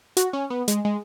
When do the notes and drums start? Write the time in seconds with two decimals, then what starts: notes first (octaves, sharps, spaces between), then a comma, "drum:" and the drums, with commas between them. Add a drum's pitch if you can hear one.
0.17 F#4, drum: hi-hat
0.33 C#4
0.50 B3
0.68 G#3, drum: hi-hat
0.85 G#3